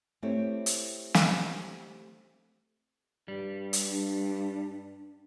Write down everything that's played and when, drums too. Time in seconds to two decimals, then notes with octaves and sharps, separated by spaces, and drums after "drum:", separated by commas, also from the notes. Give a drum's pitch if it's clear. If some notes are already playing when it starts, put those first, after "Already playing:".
0.23 A3 C4 E4 G4 C#5 E5
0.66 drum: hi-hat
1.14 drum: snare
3.28 G2 G3
3.73 drum: hi-hat
3.90 D4